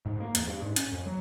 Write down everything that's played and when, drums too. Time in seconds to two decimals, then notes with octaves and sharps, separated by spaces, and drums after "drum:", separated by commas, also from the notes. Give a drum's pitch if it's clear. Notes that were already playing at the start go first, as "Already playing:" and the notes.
0.05 G#2
0.20 A#3
0.35 E2, drum: hi-hat
0.47 G2
0.62 G#2
0.76 C#4, drum: hi-hat
0.91 F2
1.06 F#3